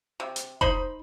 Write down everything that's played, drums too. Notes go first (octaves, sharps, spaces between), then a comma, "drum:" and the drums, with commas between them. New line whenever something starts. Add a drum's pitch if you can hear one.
C3
drum: hi-hat
D#4 C5 B5, drum: kick F1